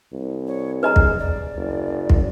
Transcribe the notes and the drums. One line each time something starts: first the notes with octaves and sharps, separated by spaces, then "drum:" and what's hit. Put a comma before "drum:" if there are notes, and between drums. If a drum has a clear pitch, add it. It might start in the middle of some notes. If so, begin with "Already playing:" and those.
C2
C#5
G#4 B4 D#5 A#5
drum: kick
D5
F#1
drum: kick